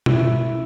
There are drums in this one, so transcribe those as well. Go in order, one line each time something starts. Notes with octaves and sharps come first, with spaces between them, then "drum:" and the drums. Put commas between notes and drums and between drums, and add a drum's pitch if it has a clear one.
E4, drum: tom